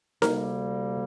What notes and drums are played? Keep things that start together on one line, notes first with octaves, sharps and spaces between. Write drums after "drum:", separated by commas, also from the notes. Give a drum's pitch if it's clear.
D2 C3 G3 A#3 A#4, drum: snare D#4